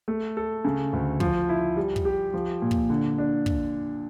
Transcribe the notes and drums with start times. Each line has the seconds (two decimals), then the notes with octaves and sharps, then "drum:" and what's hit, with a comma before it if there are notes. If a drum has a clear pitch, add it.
0.08 A3
0.37 A4
0.65 C#3
0.93 D2
1.20 F3, drum: kick
1.49 E4
1.76 G3
1.96 drum: kick
2.05 G4
2.34 F3
2.62 A#2
2.71 drum: kick
2.90 D3
3.18 D4
3.46 drum: kick